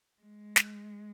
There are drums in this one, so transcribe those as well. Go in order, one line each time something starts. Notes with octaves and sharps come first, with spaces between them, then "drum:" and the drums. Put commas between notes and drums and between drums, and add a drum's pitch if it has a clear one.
G#3
drum: snare